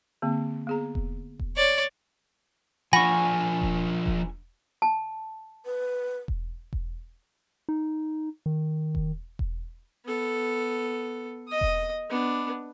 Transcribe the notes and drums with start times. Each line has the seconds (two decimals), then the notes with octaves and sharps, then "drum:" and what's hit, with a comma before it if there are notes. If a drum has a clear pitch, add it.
0.22 D3 A#3 C4
0.67 B3 G#4 A#5
0.95 drum: kick E1
1.39 drum: kick E1
1.57 C#5 D5
2.93 F3 D4 F#5 G#5 B5 C#6 A#6
3.62 drum: kick E1
4.06 drum: kick E1
4.82 A5
5.66 B4
6.28 drum: kick E1
6.73 drum: kick E1
7.69 D#4
8.46 D#3
8.95 drum: kick E1
9.39 drum: kick E1
10.06 B3 A4
11.48 D#5 D#6
11.61 drum: kick E1
12.10 B3 D4